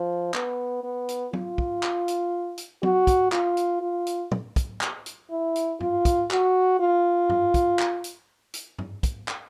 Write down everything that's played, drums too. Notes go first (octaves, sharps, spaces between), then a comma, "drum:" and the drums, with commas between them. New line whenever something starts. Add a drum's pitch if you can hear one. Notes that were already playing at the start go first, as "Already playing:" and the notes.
Already playing: F3
B3, drum: clap
B3
drum: hi-hat
F4, drum: tom F#3
drum: kick
drum: clap
drum: hi-hat
drum: hi-hat
F#4, drum: tom F#3
drum: kick, hi-hat
F4, drum: clap
drum: hi-hat
F4
drum: hi-hat
drum: tom
drum: kick, hi-hat
drum: clap
drum: hi-hat
E4
drum: hi-hat
F4, drum: tom G2
drum: kick, hi-hat
F#4, drum: clap
F4
drum: tom G2
drum: kick, hi-hat
drum: clap
drum: hi-hat
drum: hi-hat
drum: tom G2
drum: kick, hi-hat
drum: clap